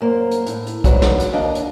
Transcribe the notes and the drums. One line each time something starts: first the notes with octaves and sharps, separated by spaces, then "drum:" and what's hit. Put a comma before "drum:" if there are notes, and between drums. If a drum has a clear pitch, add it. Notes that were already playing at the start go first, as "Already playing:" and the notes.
F#2 A#3 C5
drum: hi-hat
A2, drum: hi-hat
drum: hi-hat
G#2 F#3 D4 F#4 B4, drum: kick, hi-hat
drum: snare
drum: hi-hat
D#2 D4 D#5 F5
drum: hi-hat